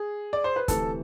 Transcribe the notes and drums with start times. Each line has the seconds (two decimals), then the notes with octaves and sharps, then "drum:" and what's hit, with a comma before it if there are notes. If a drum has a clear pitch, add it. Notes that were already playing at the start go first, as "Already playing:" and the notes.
Already playing: G#4
0.33 D5
0.44 C5
0.56 B4
0.68 D2 C3 E3 A4, drum: kick, hi-hat